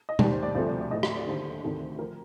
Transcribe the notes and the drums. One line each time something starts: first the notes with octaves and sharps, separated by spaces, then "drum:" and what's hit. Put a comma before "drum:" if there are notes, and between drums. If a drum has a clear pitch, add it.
D#5
D#2 D#3 G3 D5, drum: tom B2
C5
D5
D2 C3 F3 A3 C5
D5
D5
A2 A3 D#5
D#5, drum: rim click
D5
D#2 D3 G3 C5
D2 C3 D#3 A3
F3 A3 A#4